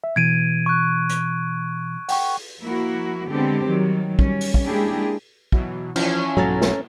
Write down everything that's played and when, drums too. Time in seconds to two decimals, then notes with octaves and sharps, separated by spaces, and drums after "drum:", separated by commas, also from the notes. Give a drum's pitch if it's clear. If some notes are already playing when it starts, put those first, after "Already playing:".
0.04 E5
0.16 B2 E3 G#6 D7 D#7
0.66 C#6 F#6
1.09 drum: hi-hat
2.09 F#5 G5 C#6, drum: open hi-hat
2.61 F3 A#3 E4 F#4
3.28 D3 G#3 B3 C4 G4
3.65 D#3 F#3 G3
4.19 G3 C#4, drum: kick
4.41 drum: open hi-hat
4.54 drum: kick
4.65 G#3 A#3 D4 E4 G4 G#4
5.52 B2 E3 F#3, drum: kick
5.96 E3 F3 C#4 E4 F4, drum: cymbal
6.37 B1 F#3 A4 A#5 A6, drum: tom G#2
6.61 drum: snare